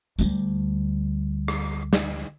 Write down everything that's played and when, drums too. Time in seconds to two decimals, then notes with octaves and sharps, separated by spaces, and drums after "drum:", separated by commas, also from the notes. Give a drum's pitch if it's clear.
0.19 D2 G3, drum: tambourine
1.48 drum: rim click
1.93 drum: snare